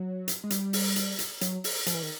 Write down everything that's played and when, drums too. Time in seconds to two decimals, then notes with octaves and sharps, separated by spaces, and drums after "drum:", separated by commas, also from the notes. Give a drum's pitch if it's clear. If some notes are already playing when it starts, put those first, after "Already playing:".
Already playing: F#3
0.28 drum: hi-hat
0.44 G#3
0.50 G3, drum: hi-hat
0.73 drum: open hi-hat
0.96 drum: hi-hat
1.19 drum: hi-hat
1.41 F#3, drum: hi-hat
1.64 drum: open hi-hat
1.86 F3, drum: hi-hat
1.94 E3
2.02 D#3